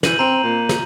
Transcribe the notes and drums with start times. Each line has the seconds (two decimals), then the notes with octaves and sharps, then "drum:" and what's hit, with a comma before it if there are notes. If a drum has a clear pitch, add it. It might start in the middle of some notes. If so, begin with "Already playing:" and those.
0.03 E3 G6 D#7 F#7, drum: snare
0.19 C4 A#5
0.43 A#2
0.69 drum: snare